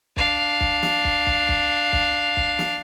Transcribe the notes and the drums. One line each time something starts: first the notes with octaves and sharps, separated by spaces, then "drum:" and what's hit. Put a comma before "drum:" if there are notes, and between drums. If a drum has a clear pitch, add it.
D4 F5, drum: kick
drum: kick
drum: snare
drum: kick
drum: kick
drum: kick
drum: kick
drum: kick
drum: snare